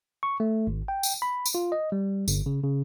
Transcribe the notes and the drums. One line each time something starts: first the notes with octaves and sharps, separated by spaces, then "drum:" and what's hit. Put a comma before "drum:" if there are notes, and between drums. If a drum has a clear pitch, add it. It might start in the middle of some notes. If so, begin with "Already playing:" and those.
C#6
A3
G#1
G5
drum: tambourine
B5
drum: tambourine
F4
D#5
G3
G1, drum: tambourine
C#3
C#3